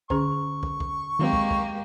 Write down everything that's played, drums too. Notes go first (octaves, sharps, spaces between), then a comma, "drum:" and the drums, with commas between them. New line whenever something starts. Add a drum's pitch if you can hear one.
D3 C#4 G#4 C#6, drum: kick
drum: kick
drum: kick
D#3 F#3 G#3 A#3 C4 G4
drum: kick
drum: kick